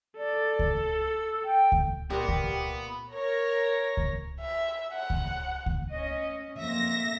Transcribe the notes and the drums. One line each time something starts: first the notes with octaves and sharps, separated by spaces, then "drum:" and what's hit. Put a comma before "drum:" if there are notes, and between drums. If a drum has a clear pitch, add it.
A4 D5
drum: kick C#2
E6
G5
drum: kick C#2
A#2 A#3 B3 F#4 G4
drum: kick C#2
A#4 C#5 A#6
drum: kick C#2
E5
F#5
drum: kick C#2
drum: kick C#2
C#4 D#5
F2 A#3 E5 A#6